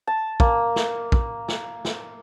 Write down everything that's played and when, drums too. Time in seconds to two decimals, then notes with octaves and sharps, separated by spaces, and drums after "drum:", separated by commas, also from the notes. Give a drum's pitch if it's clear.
0.07 A5
0.40 A#3, drum: kick
0.76 drum: snare
1.12 drum: kick
1.48 drum: snare
1.85 drum: snare